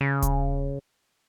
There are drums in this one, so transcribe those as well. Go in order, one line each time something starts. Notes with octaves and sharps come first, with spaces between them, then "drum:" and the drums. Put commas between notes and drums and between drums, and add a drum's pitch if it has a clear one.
C#3
drum: kick D#1, hi-hat